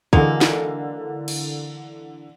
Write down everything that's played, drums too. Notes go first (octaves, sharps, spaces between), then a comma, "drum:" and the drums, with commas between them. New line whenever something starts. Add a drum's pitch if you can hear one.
D3 E3 F#3 G#3 A#3, drum: kick
drum: snare
drum: cymbal